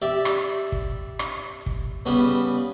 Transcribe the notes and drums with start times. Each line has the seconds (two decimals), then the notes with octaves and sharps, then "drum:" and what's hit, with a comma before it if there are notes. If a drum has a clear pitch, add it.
0.02 G4 D5 E5
0.25 drum: rim click
0.72 drum: kick
1.19 drum: rim click
1.66 drum: kick
2.06 C#3 G3 B3 C#4